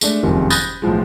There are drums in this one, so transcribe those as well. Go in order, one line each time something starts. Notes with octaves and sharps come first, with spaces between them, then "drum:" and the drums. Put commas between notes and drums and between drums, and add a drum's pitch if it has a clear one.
G#3 A3 D4, drum: tambourine
F#1 C2 F2 C3 D#3
B5 D#6 F#6 G6 A6 A#6, drum: tambourine
B1 A2 F3 G#3